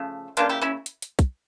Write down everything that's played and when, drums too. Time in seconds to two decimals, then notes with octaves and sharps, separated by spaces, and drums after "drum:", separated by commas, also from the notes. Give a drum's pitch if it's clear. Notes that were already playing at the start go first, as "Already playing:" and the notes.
Already playing: C#3 F3 A3
0.37 C#3 E3 A#3 D4 F4, drum: hi-hat
0.49 E4 G4
0.61 C#4 E4
0.86 drum: hi-hat
1.02 drum: hi-hat
1.19 drum: kick, hi-hat